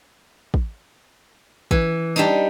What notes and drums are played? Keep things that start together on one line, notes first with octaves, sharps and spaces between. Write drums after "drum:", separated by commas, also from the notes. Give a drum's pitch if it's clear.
drum: kick
E3, drum: kick
G3 D4 D#4